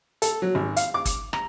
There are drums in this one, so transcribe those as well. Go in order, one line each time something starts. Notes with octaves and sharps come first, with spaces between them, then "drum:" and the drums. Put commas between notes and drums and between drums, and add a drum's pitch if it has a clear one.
A4, drum: hi-hat
F#3
G#1
F5, drum: hi-hat
D6
drum: kick, hi-hat
A#5, drum: rim click